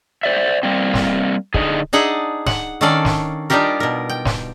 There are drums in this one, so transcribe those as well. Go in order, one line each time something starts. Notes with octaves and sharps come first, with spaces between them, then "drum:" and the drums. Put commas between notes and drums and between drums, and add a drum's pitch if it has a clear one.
C5 D5 E5
G3 A#3 C4
drum: snare
D3 D#4 G#4, drum: kick
D4 D#4 G#4 E5 F#5 A5
F#5, drum: snare
D#3 C#4 D4 A4 D5 F5
drum: snare
G3 D4 D#4 F4 G4 A#4
B2 A#4
G5
drum: snare